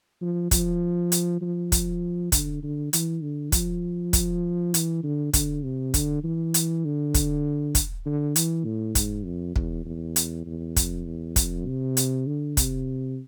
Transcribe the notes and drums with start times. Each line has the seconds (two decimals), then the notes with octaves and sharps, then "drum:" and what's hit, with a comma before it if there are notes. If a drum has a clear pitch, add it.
0.21 F3
0.51 F3, drum: kick, hi-hat
1.12 drum: hi-hat
1.42 F3
1.72 drum: kick, hi-hat
2.32 D3, drum: kick, hi-hat
2.63 D3
2.93 E3, drum: hi-hat
3.22 D3
3.52 F3, drum: kick, hi-hat
4.13 drum: kick, hi-hat
4.74 E3, drum: hi-hat
5.03 D3
5.33 D3, drum: kick, hi-hat
5.63 C3
5.94 D3, drum: kick, hi-hat
6.24 E3
6.54 drum: hi-hat
6.85 D3
7.14 drum: kick, hi-hat
7.75 drum: kick, hi-hat
8.05 D3
8.36 E3, drum: hi-hat
8.65 A2
8.95 G#2, drum: kick, hi-hat
9.25 F2
9.56 E2, drum: kick
9.85 E2
10.16 drum: hi-hat
10.46 E2
10.76 F2, drum: kick, hi-hat
11.06 E2
11.36 F2, drum: kick, hi-hat
11.66 C3
11.97 drum: hi-hat
12.27 D3
12.57 C3, drum: kick, hi-hat